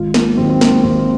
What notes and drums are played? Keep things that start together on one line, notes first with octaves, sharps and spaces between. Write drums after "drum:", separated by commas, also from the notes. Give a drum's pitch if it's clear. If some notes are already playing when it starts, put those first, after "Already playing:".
Already playing: G#1 F4
A#3, drum: snare
G#2 D#3 F#3 C4
C4
A#3, drum: snare
G#1 C4